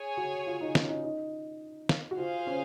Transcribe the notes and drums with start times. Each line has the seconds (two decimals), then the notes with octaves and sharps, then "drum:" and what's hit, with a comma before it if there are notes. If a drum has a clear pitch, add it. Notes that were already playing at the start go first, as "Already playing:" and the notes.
Already playing: G#4 C#5 G#5
0.17 F#4
0.47 F4
0.61 D#4
0.75 C#4, drum: snare
0.89 D#4
1.04 D#4
1.89 drum: snare
2.11 F#4
2.18 F4 G#4 C5 F5
2.47 C#4